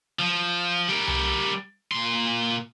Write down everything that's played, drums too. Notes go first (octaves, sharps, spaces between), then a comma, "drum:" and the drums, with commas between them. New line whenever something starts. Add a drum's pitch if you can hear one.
F3
G3 A#4
drum: tom C2
A#2 C6